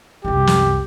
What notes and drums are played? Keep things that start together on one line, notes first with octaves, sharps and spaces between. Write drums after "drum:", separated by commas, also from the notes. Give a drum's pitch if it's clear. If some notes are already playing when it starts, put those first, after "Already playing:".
C2 F#2 G4
drum: snare